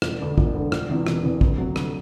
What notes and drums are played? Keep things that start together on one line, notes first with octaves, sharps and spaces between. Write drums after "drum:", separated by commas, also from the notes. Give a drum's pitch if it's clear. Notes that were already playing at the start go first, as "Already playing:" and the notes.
E1, drum: rim click
D2 D3
E1, drum: kick
D2 D3
E1, drum: rim click
E2 C3 E3
E1, drum: rim click
E2 C3 E3
D2, drum: kick
C3 F#3
D2, drum: rim click